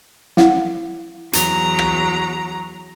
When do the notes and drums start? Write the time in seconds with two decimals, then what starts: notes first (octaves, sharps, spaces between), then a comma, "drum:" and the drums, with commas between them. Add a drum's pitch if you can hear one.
0.37 E4 F5 F#5, drum: snare
1.33 E2 F#3 A#5, drum: hi-hat
1.79 drum: rim click